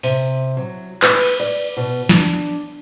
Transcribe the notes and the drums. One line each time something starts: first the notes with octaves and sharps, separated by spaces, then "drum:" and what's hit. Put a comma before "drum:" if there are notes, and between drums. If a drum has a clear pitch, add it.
C3, drum: open hi-hat
F#3
B4, drum: clap
drum: cymbal
D5
B2
D4, drum: snare